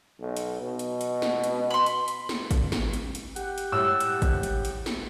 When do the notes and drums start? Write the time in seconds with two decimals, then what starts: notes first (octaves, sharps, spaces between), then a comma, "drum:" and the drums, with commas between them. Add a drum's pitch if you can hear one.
0.20 B1
0.37 drum: hi-hat
0.62 B2
0.79 drum: hi-hat
1.01 drum: hi-hat
1.22 drum: snare
1.44 drum: hi-hat
1.70 B5 C6
1.86 drum: hi-hat
2.08 drum: hi-hat
2.29 drum: snare
2.51 drum: kick, hi-hat
2.72 drum: snare
2.93 drum: hi-hat
3.15 drum: hi-hat
3.36 G4 F#5, drum: hi-hat
3.58 drum: hi-hat
3.72 A2 G3 E6
4.01 drum: hi-hat
4.22 drum: kick, hi-hat
4.43 drum: hi-hat
4.65 drum: hi-hat
4.86 drum: snare